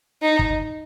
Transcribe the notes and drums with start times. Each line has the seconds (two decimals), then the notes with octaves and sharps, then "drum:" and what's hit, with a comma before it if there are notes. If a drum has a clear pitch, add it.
0.22 D#4
0.39 drum: kick